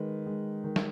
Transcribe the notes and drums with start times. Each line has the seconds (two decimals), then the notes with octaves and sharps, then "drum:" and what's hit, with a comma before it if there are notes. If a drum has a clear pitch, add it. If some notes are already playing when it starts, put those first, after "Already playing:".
Already playing: D#3 G#3 B4
0.27 G#3
0.64 D#3
0.76 drum: snare